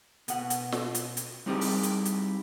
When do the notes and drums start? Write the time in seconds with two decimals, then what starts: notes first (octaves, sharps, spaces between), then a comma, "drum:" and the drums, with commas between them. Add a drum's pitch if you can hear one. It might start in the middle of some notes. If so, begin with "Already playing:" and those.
0.28 B2 F#5, drum: hi-hat
0.50 drum: hi-hat
0.72 drum: snare
0.95 drum: hi-hat
1.17 drum: hi-hat
1.46 G3 C4 D#4 E4 G4 G#4
1.61 drum: open hi-hat
1.83 drum: hi-hat
2.05 drum: hi-hat